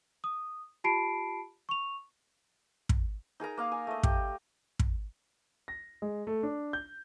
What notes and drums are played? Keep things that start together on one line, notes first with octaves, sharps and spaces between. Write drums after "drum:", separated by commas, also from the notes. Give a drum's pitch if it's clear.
D#6
F4 G4 A5 B5 C7 D7
C#6 F7
drum: kick
D#4 G#4 A#4 A#5
A#3 F5 D#6
G#5
A3 D#5
G4, drum: kick
drum: kick
A#6
G#3
A3
D4
G6